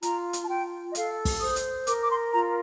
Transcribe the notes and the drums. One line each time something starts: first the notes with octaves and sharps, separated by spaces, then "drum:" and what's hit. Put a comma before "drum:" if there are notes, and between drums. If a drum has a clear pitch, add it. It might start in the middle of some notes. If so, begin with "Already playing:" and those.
F4 A#5, drum: hi-hat
drum: hi-hat
A5
F4 G5
D#5
A4 F5, drum: hi-hat
drum: kick, open hi-hat
C5 D#6
drum: hi-hat
A#4 D6, drum: hi-hat
D6
C6
F4 A#5